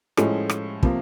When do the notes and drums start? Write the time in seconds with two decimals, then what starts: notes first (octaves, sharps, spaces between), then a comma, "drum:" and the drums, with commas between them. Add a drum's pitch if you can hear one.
0.17 A2 F3 G#3 C#4, drum: rim click
0.49 drum: rim click
0.83 C3 F3 A#3, drum: kick